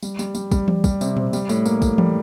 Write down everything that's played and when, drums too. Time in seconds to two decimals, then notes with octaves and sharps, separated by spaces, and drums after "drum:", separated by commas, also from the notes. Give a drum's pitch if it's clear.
0.02 G3, drum: tambourine
0.19 G3, drum: tambourine
0.35 G3, drum: tambourine
0.51 G3, drum: kick, tambourine
0.68 G3, drum: tom E3
0.84 G3, drum: kick, tambourine
1.01 C3, drum: tambourine
1.17 C4, drum: tom A#2
1.33 G3, drum: tambourine
1.49 A2, drum: tambourine
1.65 A#3, drum: tambourine
1.82 A2, drum: kick, tambourine
1.98 G3, drum: tom E3